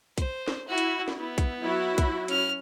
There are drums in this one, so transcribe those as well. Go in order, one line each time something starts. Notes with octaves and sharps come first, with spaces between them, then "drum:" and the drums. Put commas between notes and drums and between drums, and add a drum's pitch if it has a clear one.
C5, drum: kick, hi-hat
drum: snare
E4 F#4
drum: hi-hat
drum: snare
B3 E4
drum: kick, hi-hat
F#3 E4 F#4
drum: kick, hi-hat
C#4 F6, drum: hi-hat